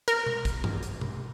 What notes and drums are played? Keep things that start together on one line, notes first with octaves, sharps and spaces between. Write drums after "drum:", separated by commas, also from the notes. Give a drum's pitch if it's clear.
A#4, drum: hi-hat
drum: tom B2
drum: kick, hi-hat
drum: tom G2
drum: hi-hat
drum: tom B2